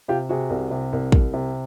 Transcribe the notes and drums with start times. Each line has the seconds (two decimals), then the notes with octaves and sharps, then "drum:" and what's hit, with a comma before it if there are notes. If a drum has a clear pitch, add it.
0.08 C3 F4 G4
0.29 C3 F#4 G#4
0.50 C2
0.71 C3
0.93 C2
1.12 C2, drum: kick
1.34 C3